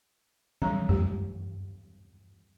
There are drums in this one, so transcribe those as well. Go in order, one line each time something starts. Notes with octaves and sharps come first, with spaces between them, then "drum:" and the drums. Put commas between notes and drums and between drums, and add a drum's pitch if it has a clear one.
D#3 F#3 G3 A#5, drum: tom E3
G4, drum: tom F#2